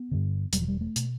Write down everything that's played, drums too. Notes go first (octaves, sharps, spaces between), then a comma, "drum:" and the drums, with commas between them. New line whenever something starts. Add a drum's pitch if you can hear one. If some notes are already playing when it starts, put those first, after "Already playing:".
Already playing: B3
G2 D3
E1 G3, drum: hi-hat
F3
G3
A3
B2, drum: hi-hat